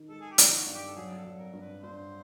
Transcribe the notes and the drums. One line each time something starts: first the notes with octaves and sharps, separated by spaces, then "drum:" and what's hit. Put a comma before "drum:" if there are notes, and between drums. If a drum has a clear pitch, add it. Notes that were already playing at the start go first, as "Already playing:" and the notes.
Already playing: D#3
G#3 A4
G#4
G4
D#3, drum: hi-hat
F#4
G2
G4
A4
F#3 G#4
A4
F#3
A#4
G2
B4
G2 C5